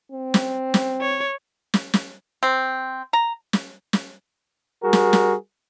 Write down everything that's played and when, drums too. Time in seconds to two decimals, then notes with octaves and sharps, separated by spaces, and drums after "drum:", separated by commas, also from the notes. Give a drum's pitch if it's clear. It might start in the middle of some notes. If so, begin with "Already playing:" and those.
0.12 C4
0.34 drum: snare
0.74 drum: snare
1.01 C#5
1.74 drum: snare
1.94 drum: snare
2.43 C4
3.13 A#5
3.53 drum: snare
3.93 drum: snare
4.83 G3 F#4 G#4 A#4
4.93 drum: snare
5.13 drum: snare